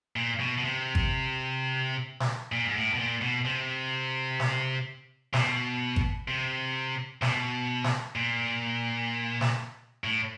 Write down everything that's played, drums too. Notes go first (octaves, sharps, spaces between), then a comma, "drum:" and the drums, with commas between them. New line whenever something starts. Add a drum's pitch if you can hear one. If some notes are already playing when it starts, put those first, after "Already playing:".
A#2
B2
B2
C3
drum: kick G#1
drum: snare
A#2
G#2
A2
B2
A#2
B2
C3
drum: snare
B2, drum: snare
drum: kick G#1
C3
B2, drum: snare
drum: snare
A#2
drum: snare
A2